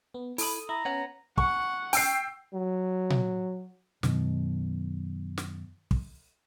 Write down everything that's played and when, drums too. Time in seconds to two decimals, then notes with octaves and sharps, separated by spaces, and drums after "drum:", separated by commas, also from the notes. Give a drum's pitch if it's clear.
0.14 B3
0.38 E4 A4 B5 D#6, drum: open hi-hat
0.69 E4 A#5
0.85 B3 C#4 C#5 F#5
1.38 F#5 C#6, drum: kick
1.93 G5 E6 C7, drum: open hi-hat
2.54 F#3
3.10 drum: tom A#2
4.03 F#2 B2 D#3, drum: snare
5.38 drum: snare
5.91 drum: kick